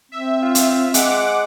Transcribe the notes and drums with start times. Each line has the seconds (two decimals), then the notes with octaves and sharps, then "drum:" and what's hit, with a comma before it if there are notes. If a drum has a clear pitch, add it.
0.12 C4 E5
0.42 F4
0.55 drum: hi-hat
0.94 G#3 F#5 D6, drum: hi-hat